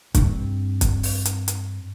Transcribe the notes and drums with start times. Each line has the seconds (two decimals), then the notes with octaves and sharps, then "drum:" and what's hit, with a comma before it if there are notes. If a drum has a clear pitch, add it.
0.15 G2 C4, drum: kick, hi-hat
0.81 drum: kick, hi-hat
1.03 drum: open hi-hat
1.25 drum: hi-hat
1.48 drum: hi-hat